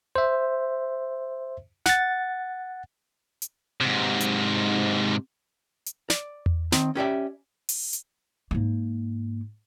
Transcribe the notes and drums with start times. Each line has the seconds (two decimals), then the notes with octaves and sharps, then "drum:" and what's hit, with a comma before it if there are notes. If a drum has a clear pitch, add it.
0.16 C5 E5
1.86 F#5 A6, drum: snare
3.42 drum: hi-hat
3.81 G#2 C3
4.20 drum: hi-hat
5.86 drum: hi-hat
6.10 D5, drum: snare
6.46 drum: tom E2
6.72 D#3 C4, drum: snare
6.95 C#4 G4 D5 E5
7.69 drum: open hi-hat
7.93 drum: hi-hat
8.51 G#2 A#3